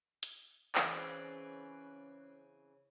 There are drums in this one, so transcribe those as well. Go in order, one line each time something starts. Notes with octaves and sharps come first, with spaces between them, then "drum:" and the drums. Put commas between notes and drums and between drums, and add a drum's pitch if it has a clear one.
drum: hi-hat
C#3 E3 C4 C#4 B4 D5, drum: clap